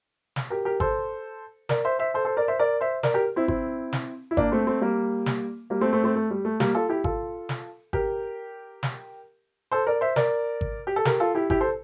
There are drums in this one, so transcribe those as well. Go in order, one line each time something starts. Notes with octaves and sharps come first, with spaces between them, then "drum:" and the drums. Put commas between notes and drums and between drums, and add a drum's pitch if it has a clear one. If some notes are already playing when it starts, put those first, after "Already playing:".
drum: snare
G4 A#4
G4 A#4
A4 C5, drum: kick G#1
A#4 D5, drum: snare
C5 E5
C5 E5
A4 C5
A4 C5
A#4 D5
C5 E5
A#4 D5
C5 E5
A#4 D5, drum: snare
G4 A#4
C4 E4
C4 E4, drum: kick G#1
drum: snare
E4
A#3 D4, drum: kick G#1
A3 C4
A3 C4
G3 A#3
drum: snare
G3 A#3
A3 C4
A3 C4
A3 C4
A3
G3
A3
G3 A#3, drum: snare
F4 A4
E4 G4
F4 A4, drum: kick G#1
drum: snare
G4 A#4, drum: kick G#1
drum: snare
A4 C5
A#4 D5
C5 E5
A#4 D5, drum: snare
drum: kick G#1
G4
A4
G4 A#4, drum: snare
F4 A4
E4 G4
E4 G4, drum: kick G#1
A4 C5